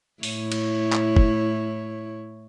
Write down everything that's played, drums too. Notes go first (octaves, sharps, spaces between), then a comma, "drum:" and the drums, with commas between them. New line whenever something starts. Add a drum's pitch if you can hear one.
A2 E4 C#5, drum: open hi-hat
drum: cymbal
drum: clap
drum: kick